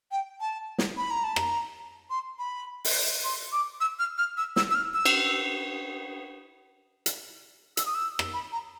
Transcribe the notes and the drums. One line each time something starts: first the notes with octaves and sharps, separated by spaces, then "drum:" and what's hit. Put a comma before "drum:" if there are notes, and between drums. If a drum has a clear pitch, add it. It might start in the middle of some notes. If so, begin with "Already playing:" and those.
G5
A5
drum: snare
B5
A#5
A5
A#5, drum: rim click
C6
B5
drum: open hi-hat
C6
D6
E6
F6
F6
E6
E6, drum: snare
E6
F6
E6
drum: cymbal
drum: hi-hat
E6, drum: hi-hat
D#6
E6
drum: rim click
B5
A#5